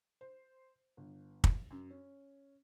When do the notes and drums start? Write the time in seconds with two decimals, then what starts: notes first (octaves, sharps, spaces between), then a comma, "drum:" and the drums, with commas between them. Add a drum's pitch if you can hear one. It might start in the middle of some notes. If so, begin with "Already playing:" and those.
0.21 C5
0.97 G1
1.44 drum: kick
1.70 F#2
1.90 C#4